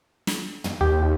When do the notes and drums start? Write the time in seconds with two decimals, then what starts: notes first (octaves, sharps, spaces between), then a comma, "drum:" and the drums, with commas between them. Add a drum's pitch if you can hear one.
0.27 drum: snare
0.64 drum: tom
0.81 D#2 G4